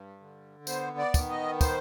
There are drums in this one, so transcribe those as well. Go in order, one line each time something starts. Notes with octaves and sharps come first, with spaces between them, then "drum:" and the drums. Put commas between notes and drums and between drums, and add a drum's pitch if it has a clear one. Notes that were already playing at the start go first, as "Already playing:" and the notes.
Already playing: G2
D3
B3 C5, drum: tambourine
D5
D#3, drum: kick, tambourine
D#5
C5, drum: kick, tambourine